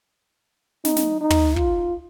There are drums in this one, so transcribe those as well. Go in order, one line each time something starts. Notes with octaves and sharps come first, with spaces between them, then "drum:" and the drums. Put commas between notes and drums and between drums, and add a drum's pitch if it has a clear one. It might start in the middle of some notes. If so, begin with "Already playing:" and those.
D#4, drum: snare
drum: snare
D#4
drum: tom
F4, drum: kick